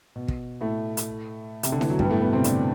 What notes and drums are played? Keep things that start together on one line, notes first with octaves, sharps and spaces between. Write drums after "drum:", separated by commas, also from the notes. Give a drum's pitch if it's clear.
B2
drum: kick
A2 A3
drum: hi-hat
C3, drum: hi-hat
D3
E3, drum: snare D#4
F#3
G2 G3, drum: kick
B3
A2 A3
B2 B3
C3 C4
D3 D4, drum: hi-hat